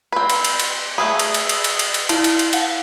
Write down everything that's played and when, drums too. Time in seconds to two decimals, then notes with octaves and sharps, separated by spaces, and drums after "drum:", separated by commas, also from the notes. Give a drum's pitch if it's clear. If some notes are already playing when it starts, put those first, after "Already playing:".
0.12 C4 B4
0.30 drum: cymbal
0.44 drum: cymbal
0.59 drum: cymbal
0.98 A3 G#4 B4 D#6 E6
1.19 drum: cymbal
1.34 drum: cymbal
1.49 drum: cymbal
1.64 drum: cymbal
1.79 drum: cymbal
1.94 drum: cymbal
2.09 E4 F4 A5, drum: cymbal
2.24 drum: cymbal
2.39 drum: cymbal
2.53 F5 F#5, drum: cymbal